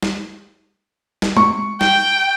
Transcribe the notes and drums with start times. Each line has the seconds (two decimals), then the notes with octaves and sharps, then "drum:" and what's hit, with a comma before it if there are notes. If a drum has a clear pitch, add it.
0.03 drum: snare
1.22 drum: snare
1.37 C#6, drum: tom G#3
1.81 G5, drum: snare